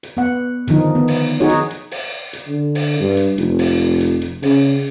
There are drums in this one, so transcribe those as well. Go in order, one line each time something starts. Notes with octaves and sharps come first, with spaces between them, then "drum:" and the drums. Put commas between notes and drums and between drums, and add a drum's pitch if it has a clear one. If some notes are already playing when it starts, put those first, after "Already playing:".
drum: hi-hat
B3 F#5
D3 D#3 F3 D#4, drum: hi-hat
B3
drum: open hi-hat
D#4 F#4 G#4 C#5
drum: hi-hat
drum: hi-hat
drum: open hi-hat
drum: hi-hat
D3
drum: open hi-hat
G2
drum: hi-hat
F1, drum: hi-hat
drum: open hi-hat
drum: hi-hat
drum: hi-hat
C#3, drum: open hi-hat